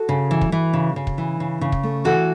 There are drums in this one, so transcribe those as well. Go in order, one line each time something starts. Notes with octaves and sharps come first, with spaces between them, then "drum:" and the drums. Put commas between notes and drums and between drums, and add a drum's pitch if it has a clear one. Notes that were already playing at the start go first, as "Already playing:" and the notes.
Already playing: F#4 A4
C#3
E3
drum: kick
E3
C#3
C#3
drum: kick
E3
C#3
C#3
drum: kick
A3
E3 F#4 A4